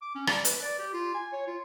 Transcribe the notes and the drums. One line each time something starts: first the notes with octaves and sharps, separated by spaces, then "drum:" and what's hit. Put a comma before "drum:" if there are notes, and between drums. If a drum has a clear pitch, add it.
D6
C#4
D5, drum: rim click
B4, drum: hi-hat
D5
G4
F4
G#5
C#5
F4